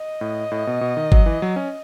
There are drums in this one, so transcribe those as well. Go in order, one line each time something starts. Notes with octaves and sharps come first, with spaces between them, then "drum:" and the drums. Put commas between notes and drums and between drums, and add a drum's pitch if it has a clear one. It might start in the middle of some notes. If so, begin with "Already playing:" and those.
Already playing: D#5
A2
A2
B2
B2
D#3
F#3, drum: kick G1
E3
F#3
C#4